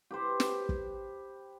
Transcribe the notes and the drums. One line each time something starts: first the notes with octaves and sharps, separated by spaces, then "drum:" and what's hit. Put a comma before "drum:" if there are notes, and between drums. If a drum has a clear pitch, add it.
G4 B4 C5
drum: snare
drum: kick